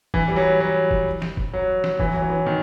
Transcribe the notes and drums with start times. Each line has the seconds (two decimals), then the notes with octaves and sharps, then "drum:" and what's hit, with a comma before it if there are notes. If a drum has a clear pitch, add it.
0.14 E3, drum: kick F1
0.28 G3
0.36 F#3
0.60 F#3
0.91 drum: kick F1
1.22 drum: snare
1.37 drum: kick F1
1.53 F#3
1.84 drum: snare
2.00 E3, drum: kick F1
2.07 F#3
2.14 E3
2.22 F#3
2.30 E3
2.46 D#3